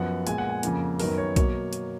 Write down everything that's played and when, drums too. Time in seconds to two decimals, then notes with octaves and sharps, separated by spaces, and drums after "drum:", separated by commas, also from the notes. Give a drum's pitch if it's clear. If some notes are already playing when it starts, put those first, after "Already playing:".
Already playing: F#2 F3 B3 F#5
0.27 A#2 G#3 B3 G#5, drum: hi-hat
0.38 F#5
0.49 G#5
0.63 F2 C#3 F3 A#3, drum: hi-hat
0.99 F#2 D#3 F#3 B3 A#4, drum: open hi-hat
1.18 C#5
1.36 B2 F#3 A#3 C#5, drum: kick B1, hi-hat
1.73 drum: hi-hat